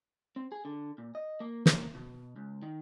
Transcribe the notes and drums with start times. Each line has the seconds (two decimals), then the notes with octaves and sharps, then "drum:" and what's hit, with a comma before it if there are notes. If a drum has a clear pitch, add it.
0.36 C4
0.52 G#4
0.65 D3
0.98 A#2
1.15 D#5
1.40 A#3
1.66 A#3, drum: snare
1.95 B2
2.36 C#2
2.62 D#3